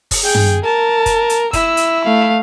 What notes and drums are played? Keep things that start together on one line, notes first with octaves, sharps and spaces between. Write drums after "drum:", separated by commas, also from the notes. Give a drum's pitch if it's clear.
drum: kick, open hi-hat
G#4 G5
drum: tom
A#4 A5
drum: kick, hi-hat
drum: hi-hat
E4 E6, drum: kick, hi-hat
drum: hi-hat
A3 F5